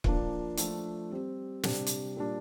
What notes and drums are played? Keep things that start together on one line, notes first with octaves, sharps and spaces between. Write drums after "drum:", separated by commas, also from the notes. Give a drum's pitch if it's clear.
F3 A#3 D4, drum: kick C#1
F3 A3 D4 F4, drum: hi-hat
G3 C4 G4
C3 G3 D4 G4, drum: snare
drum: hi-hat
A#2 G3 D4